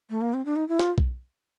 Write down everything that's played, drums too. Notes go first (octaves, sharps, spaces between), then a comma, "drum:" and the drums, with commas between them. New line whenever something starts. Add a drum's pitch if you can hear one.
A3
A#3
C4
D4
D#4
E4
F4, drum: snare
drum: kick B1